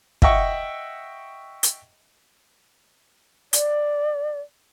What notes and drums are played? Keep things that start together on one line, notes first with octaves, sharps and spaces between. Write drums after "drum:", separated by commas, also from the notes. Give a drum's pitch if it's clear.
D#5 E5 F#5 G5 C#6, drum: kick
drum: hi-hat
D5, drum: hi-hat